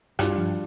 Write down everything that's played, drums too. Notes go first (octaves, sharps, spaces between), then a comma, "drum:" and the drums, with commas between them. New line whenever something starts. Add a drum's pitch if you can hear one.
G2 G3 D4 F4, drum: rim click
F3